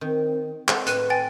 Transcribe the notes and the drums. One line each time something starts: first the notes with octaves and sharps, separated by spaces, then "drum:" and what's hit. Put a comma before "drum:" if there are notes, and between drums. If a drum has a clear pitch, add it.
D#3 C4
C4 D#4 A4 F#5, drum: clap
A2 B4 F#6 D#7, drum: hi-hat
G5 G#5 A6